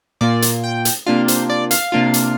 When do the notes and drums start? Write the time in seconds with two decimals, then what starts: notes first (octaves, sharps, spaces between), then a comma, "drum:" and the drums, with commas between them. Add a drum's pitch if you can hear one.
0.21 A#2 A#3 F4 D5
0.42 drum: hi-hat
0.64 G5
0.85 drum: hi-hat
1.06 C3 A#3 D4 F4 F5
1.28 C5, drum: hi-hat
1.50 D5
1.71 F5, drum: hi-hat
1.92 C3 A#3 D4 F4
2.14 drum: hi-hat